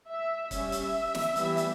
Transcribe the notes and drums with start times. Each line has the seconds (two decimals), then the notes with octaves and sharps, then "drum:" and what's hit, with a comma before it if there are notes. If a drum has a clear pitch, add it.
0.09 E5
0.51 G3 C#4 E5, drum: kick, hi-hat
0.72 drum: hi-hat
1.15 drum: snare
1.36 E3 G3 B3, drum: hi-hat
1.57 drum: hi-hat